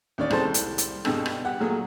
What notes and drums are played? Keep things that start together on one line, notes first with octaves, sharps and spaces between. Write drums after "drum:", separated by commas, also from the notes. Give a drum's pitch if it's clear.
D#2 C#4 D5
C2 G#3 A3 C5 A5, drum: rim click
drum: hi-hat
drum: hi-hat
G2 B2 D3 G#4 E6, drum: rim click
drum: rim click
G4 F#5
A#2 F#3 A3 G#4